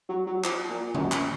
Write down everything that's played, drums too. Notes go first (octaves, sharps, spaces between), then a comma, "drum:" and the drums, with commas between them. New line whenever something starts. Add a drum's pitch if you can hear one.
F#3
F#3
F3, drum: clap
A#2
F#2, drum: tom D3
drum: clap